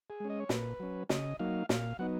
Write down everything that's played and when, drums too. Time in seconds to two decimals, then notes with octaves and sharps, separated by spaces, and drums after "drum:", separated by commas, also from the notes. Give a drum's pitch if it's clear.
0.10 G#4
0.20 G#3 C#4
0.30 D#5
0.40 C#5
0.49 A#2 B4, drum: snare
0.80 F#3 C#4
1.09 C#3 D#5, drum: snare
1.39 F#3 A#3 D#4 F5
1.69 A#2 F5, drum: snare
1.99 F#3 B3 D#4 F#5